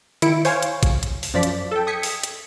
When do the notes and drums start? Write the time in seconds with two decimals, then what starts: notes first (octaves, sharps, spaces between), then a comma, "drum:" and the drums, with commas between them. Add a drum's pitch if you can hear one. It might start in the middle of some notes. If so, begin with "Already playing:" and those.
0.22 D#3 E4 C#7 D7, drum: hi-hat
0.45 C5 C#5 F5 G#5, drum: open hi-hat
0.63 drum: hi-hat
0.83 drum: kick, hi-hat
1.03 drum: hi-hat
1.23 drum: open hi-hat
1.34 F#2 F3 D5 B6
1.43 drum: hi-hat
1.71 A4 G5
1.87 D#6 G#6 B6 C#7
2.03 drum: open hi-hat
2.23 drum: hi-hat